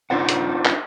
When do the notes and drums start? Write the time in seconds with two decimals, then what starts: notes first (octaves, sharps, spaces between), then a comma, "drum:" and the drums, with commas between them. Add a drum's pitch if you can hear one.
0.10 D4 D#4 F4 C5 F#5
0.29 drum: hi-hat
0.66 drum: clap